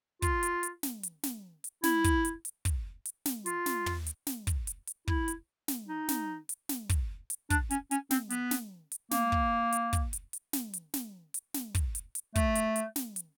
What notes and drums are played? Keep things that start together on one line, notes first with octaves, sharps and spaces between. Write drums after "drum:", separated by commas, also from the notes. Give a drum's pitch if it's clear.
F4, drum: kick, hi-hat
drum: hi-hat
drum: hi-hat
drum: snare
drum: hi-hat
drum: snare
drum: hi-hat
E4, drum: snare
drum: kick, hi-hat
drum: hi-hat
drum: hi-hat
drum: kick, hi-hat
drum: hi-hat
drum: snare
F4, drum: hi-hat
drum: snare
drum: tom
drum: hi-hat
drum: snare
drum: kick, hi-hat
drum: hi-hat
drum: hi-hat
E4, drum: kick
drum: hi-hat
drum: snare
D#4
drum: snare
drum: hi-hat
drum: snare
drum: kick, hi-hat
drum: hi-hat
D4, drum: kick, hi-hat
C#4, drum: hi-hat
C#4, drum: hi-hat
C4, drum: snare
B3, drum: hi-hat
drum: snare
drum: hi-hat
A#3, drum: snare
drum: kick
drum: hi-hat
drum: kick, hi-hat
drum: hi-hat
drum: hi-hat
drum: snare
drum: hi-hat
drum: snare
drum: hi-hat
drum: snare
drum: kick, hi-hat
drum: hi-hat
drum: hi-hat
A3, drum: kick, hi-hat
drum: hi-hat
drum: hi-hat
drum: snare
drum: hi-hat